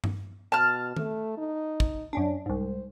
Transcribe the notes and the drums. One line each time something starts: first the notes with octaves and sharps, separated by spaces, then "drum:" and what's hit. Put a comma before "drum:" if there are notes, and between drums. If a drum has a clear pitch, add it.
drum: tom G2
B2 A5 F6
A3, drum: tom D#3
D#4
drum: kick
F#2 C#4 D4
C2 G#2 C5